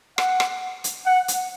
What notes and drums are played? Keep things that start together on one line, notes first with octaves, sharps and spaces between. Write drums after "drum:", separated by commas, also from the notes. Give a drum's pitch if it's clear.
F#5, drum: rim click
drum: rim click
drum: hi-hat
F#5
drum: hi-hat